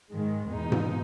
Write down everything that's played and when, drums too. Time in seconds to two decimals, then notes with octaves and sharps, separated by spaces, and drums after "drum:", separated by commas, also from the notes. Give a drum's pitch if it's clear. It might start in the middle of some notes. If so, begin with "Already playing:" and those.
0.12 G#2 D#3 G#3
0.51 E2 B2 G#3 D#4
0.72 drum: tom G#2